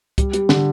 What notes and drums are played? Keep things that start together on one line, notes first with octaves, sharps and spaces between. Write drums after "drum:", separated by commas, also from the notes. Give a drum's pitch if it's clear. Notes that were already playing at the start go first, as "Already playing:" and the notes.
G3, drum: kick, hi-hat
G3, drum: hi-hat
D3, drum: snare